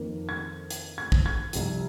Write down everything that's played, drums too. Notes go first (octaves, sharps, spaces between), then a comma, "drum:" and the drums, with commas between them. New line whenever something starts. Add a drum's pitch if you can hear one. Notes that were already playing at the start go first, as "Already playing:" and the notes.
Already playing: F2 D#3 A#3
G#6
drum: hi-hat
G#6
drum: kick
G#6
C2 C3 F3, drum: hi-hat